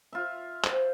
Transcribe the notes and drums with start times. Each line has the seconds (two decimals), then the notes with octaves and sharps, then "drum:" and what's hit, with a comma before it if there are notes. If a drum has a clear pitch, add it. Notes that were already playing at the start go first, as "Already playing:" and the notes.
0.13 F4 E5
0.64 C5, drum: clap